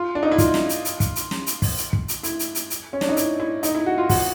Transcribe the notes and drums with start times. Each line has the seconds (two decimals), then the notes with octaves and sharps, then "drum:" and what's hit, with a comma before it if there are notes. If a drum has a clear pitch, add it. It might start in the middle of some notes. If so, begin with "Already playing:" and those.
Already playing: F4
0.15 D4
0.23 D#4
0.32 E4
0.38 F4, drum: kick, hi-hat
0.54 drum: snare
0.69 drum: hi-hat
0.85 drum: hi-hat
1.00 drum: kick, hi-hat
1.16 drum: hi-hat
1.31 drum: snare
1.46 drum: hi-hat
1.62 drum: kick, open hi-hat
1.77 drum: hi-hat
1.93 drum: kick
2.08 drum: hi-hat
2.23 E4, drum: hi-hat
2.39 drum: hi-hat
2.55 drum: hi-hat
2.70 drum: hi-hat
2.93 C#4
3.01 D4, drum: snare
3.09 D#4
3.17 E4, drum: hi-hat
3.40 E4
3.63 D#4, drum: hi-hat
3.75 E4
3.86 F#4
3.98 F4
4.09 F#4, drum: kick, open hi-hat